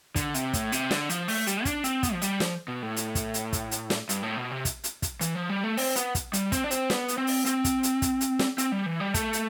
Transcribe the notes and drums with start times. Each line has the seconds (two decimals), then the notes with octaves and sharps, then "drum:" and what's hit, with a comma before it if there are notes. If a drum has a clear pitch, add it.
0.16 D3, drum: kick, hi-hat
0.34 C3, drum: hi-hat
0.53 A2, drum: kick, hi-hat
0.72 C3, drum: hi-hat
0.91 D3, drum: snare
1.09 F3, drum: hi-hat
1.28 A3, drum: open hi-hat
1.47 G3, drum: hi-hat
1.65 D4, drum: kick, hi-hat
1.84 C4, drum: hi-hat
2.03 B3, drum: kick, hi-hat
2.13 F3
2.22 G3, drum: hi-hat
2.40 F3, drum: snare
2.68 B2
2.83 A2
2.96 drum: hi-hat
3.15 drum: kick, hi-hat
3.34 drum: hi-hat
3.53 drum: kick, hi-hat
3.71 drum: hi-hat
3.90 drum: snare
4.09 G2, drum: hi-hat
4.23 A2
4.37 B2
4.51 C3
4.65 drum: kick, hi-hat
4.84 drum: hi-hat
5.02 drum: kick, hi-hat
5.21 E3, drum: hi-hat
5.35 F3
5.49 G3
5.64 A3
5.77 C4, drum: open hi-hat
5.96 B3, drum: hi-hat
6.15 drum: kick, hi-hat
6.33 G3, drum: hi-hat
6.52 C4, drum: kick, hi-hat
6.64 D4
6.71 C4, drum: hi-hat
6.90 B3, drum: snare
7.08 drum: hi-hat
7.18 C4
7.27 drum: open hi-hat
7.46 C4, drum: hi-hat
7.64 drum: kick, hi-hat
7.83 drum: hi-hat
8.02 drum: kick, hi-hat
8.21 drum: hi-hat
8.39 drum: snare
8.58 C4, drum: hi-hat
8.72 G3
8.86 E3
9.00 G3
9.14 A3, drum: kick, hi-hat
9.33 drum: hi-hat